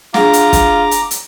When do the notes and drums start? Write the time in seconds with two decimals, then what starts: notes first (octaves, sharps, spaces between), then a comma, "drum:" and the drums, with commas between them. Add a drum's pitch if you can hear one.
0.14 D4 F4 G#4 F#5 A#5 D6, drum: snare
0.33 drum: hi-hat
0.53 drum: kick, hi-hat
0.91 drum: hi-hat
1.11 drum: hi-hat